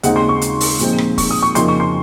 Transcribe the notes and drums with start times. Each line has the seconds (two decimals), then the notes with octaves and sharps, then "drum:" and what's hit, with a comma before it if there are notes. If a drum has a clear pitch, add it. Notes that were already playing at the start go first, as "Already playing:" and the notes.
0.03 D#2 C#3 G#3 C4 D#4 F#5, drum: hi-hat
0.16 C6
0.29 C#6
0.42 drum: hi-hat
0.60 drum: open hi-hat
0.79 A#2 F3 G#3 C4 D#4, drum: hi-hat
0.98 drum: rim click
1.18 C#6, drum: kick, open hi-hat
1.31 D#6
1.42 C#6
1.55 F2 C#3 F3 A#3 D#4 C6, drum: hi-hat
1.68 C#6
1.80 C6